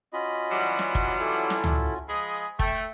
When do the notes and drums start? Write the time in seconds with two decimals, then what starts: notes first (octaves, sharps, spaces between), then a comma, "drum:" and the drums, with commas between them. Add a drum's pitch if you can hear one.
0.13 C#4 F4 F#4 D#5 B5
0.51 E3 F#3 G3
0.79 drum: snare
0.95 drum: kick
1.20 E4 A4
1.50 drum: snare
1.64 drum: tom
2.08 F3 G#3 G#4 B5
2.59 A3 G5, drum: kick